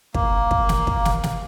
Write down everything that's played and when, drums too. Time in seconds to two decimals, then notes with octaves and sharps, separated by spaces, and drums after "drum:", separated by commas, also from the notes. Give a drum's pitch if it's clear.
0.14 A#3, drum: kick
0.51 drum: kick
0.69 drum: snare
0.87 drum: kick
1.05 drum: snare
1.24 drum: snare